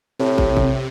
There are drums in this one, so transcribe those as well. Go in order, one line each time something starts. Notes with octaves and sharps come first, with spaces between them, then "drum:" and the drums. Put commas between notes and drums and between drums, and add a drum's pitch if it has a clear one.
A2 C3
drum: kick
drum: kick